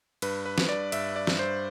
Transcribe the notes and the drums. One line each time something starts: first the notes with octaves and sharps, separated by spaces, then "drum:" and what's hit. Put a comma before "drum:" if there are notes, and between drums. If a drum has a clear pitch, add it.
G2 B4, drum: cymbal
B4
G2, drum: snare
D5
G2 E5, drum: cymbal
D5
G2, drum: snare
C5